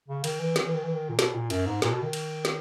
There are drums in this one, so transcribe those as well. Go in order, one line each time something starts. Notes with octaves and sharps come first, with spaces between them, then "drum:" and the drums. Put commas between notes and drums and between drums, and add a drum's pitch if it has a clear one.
C#3
D#3, drum: cymbal
E3
D#3, drum: snare
E3
D#3
E3
D#3
A#2
B2, drum: snare
A#2
F#2, drum: cymbal
G#2
A#2, drum: snare
B2
D#3
drum: cymbal
drum: snare